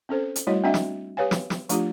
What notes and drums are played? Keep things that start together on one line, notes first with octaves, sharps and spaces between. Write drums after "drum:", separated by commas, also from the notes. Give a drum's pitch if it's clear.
C4 C#4 A4 C5
drum: hi-hat
G3 A3 E4 F#4 C#5 D#5
C4 D4 F#4 D#5 E5 F#5
drum: snare
G4 B4 C#5 F5 G#5
drum: snare
drum: snare
F3 A3 D4 F4 G4, drum: hi-hat